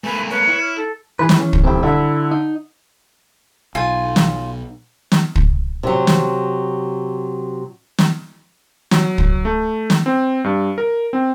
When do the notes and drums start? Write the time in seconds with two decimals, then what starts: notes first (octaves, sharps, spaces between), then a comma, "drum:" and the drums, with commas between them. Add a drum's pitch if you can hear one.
0.04 A3 A#3 B4 G#5
0.30 B4 C#5
0.47 E4
0.60 F6
0.76 A4
1.19 E3 G#4 B4
1.29 drum: snare
1.39 C#4
1.53 drum: kick
1.64 D#1 C4 E4
1.83 D3 E4 E5
2.31 D#4
3.75 B1 F4 G#5
4.16 drum: snare
5.12 drum: snare
5.36 drum: kick
5.83 C3 F#3
6.07 drum: snare
7.99 drum: snare
8.91 F#3, drum: snare
9.18 drum: kick
9.45 A3
9.90 drum: snare
10.06 C4
10.44 G2
10.78 A#4
11.13 C4